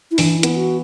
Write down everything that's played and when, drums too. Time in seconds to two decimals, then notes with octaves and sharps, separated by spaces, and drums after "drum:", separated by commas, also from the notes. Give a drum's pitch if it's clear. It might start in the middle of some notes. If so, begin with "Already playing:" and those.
0.11 E4
0.18 E3 D4, drum: open hi-hat
0.37 E4
0.43 B3, drum: hi-hat
0.56 F#4